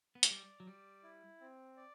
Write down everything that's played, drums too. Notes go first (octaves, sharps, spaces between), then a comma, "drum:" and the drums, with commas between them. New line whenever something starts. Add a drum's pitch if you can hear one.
B3
A3, drum: hi-hat
G3 D5
F#3
G3 D5
E4
C4
D5